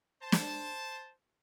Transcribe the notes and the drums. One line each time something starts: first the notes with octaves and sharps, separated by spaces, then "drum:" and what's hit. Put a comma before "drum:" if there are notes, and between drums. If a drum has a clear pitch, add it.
C5 A5
drum: snare